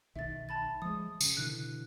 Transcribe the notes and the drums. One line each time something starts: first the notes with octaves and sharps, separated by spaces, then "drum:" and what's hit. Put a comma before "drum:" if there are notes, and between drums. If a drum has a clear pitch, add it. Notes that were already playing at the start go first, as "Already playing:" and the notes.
B1 D#3 E5 A6
A5 B5 A6
F3 G#3 D#6
C#3, drum: tambourine
B2 D3 E3 F#6